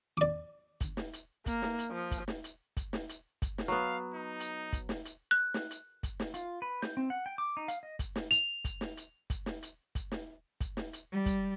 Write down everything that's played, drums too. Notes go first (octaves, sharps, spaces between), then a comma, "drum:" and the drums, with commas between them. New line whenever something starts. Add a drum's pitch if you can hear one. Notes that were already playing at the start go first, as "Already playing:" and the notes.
D5 D6
drum: kick, hi-hat
drum: snare
drum: hi-hat
A#3, drum: kick, hi-hat
drum: snare
drum: hi-hat
F3
drum: kick, hi-hat
drum: snare
drum: hi-hat
drum: kick, hi-hat
drum: snare
drum: hi-hat
drum: kick, hi-hat
drum: snare
F#3 B3 F5
D#4
drum: hi-hat
drum: kick, hi-hat
drum: snare
drum: hi-hat
F#6
drum: snare
drum: hi-hat
drum: kick, hi-hat
drum: snare
F4, drum: hi-hat
B4
G6, drum: snare
C4
F#5
G5
D6
D#4
F5, drum: hi-hat
D#5
drum: kick, hi-hat
drum: snare
F7, drum: hi-hat
drum: kick, hi-hat
drum: snare
drum: hi-hat
drum: kick, hi-hat
drum: snare
drum: hi-hat
drum: kick, hi-hat
drum: snare
drum: kick, hi-hat
drum: snare
drum: hi-hat
G3
drum: kick, hi-hat